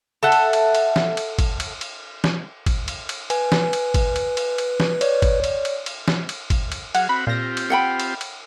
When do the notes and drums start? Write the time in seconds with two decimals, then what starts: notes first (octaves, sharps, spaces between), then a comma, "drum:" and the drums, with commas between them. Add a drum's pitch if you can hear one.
0.23 A4 E5 F#5
0.32 drum: cymbal
0.53 drum: cymbal
0.75 drum: cymbal
0.96 drum: snare
1.17 drum: cymbal
1.39 drum: kick, cymbal
1.60 drum: cymbal
1.81 drum: cymbal
2.24 drum: snare
2.66 drum: kick, cymbal
2.88 drum: cymbal
3.09 drum: cymbal
3.30 B4 G#5, drum: cymbal
3.52 drum: snare
3.73 drum: cymbal
3.94 drum: kick, cymbal
4.16 drum: cymbal
4.37 drum: cymbal
4.58 drum: cymbal
4.80 drum: snare
5.01 C#5 D5, drum: cymbal
5.22 drum: kick, cymbal
5.44 drum: cymbal
5.65 drum: cymbal
5.86 drum: cymbal
6.08 drum: snare
6.29 drum: cymbal
6.50 drum: kick, cymbal
6.72 drum: cymbal
6.95 F#3 G#4 F#5 F6, drum: cymbal
7.09 C4 F#4 F#5 B5
7.27 A#2 C4 F4 G4 A#6
7.57 drum: cymbal
7.70 F#5 G5 B5
8.00 drum: cymbal
8.21 drum: cymbal